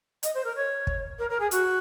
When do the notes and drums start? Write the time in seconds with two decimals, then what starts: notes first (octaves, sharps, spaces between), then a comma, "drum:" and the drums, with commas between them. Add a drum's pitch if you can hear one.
0.23 D#5, drum: hi-hat
0.34 C5
0.44 A#4
0.55 C#5
0.87 drum: kick
1.18 A#4
1.29 A#4
1.40 G#4
1.51 F#4, drum: hi-hat